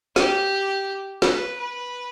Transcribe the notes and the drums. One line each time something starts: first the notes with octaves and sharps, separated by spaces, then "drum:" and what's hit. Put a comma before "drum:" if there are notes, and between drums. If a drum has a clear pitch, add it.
G4, drum: snare
B4, drum: snare
B4